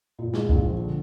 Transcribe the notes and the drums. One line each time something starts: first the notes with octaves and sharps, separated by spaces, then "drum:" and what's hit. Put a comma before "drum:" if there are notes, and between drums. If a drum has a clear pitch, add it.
A#2
G#3, drum: snare
A#1, drum: kick
F3
D3